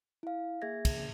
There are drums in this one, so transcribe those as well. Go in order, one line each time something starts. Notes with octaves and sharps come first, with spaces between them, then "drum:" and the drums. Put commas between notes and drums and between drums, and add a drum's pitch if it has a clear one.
E4 F5
A#3 G#4 E5 G#6 A#6
drum: kick, cymbal